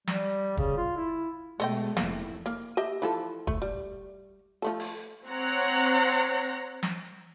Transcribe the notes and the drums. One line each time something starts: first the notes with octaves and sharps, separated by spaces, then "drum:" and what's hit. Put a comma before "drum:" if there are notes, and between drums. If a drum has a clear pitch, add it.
G3, drum: snare
C#3, drum: kick
F4
E4
B2 G#3 A3 A4 D#5 G5, drum: hi-hat
F1 A3 A#3 E4, drum: snare
A#3, drum: hi-hat
G4 D#5 E5
E3 F3 A4
A3, drum: kick
G3
F3 A3 A4
drum: open hi-hat
C4 C#5 F#5 A#5
drum: snare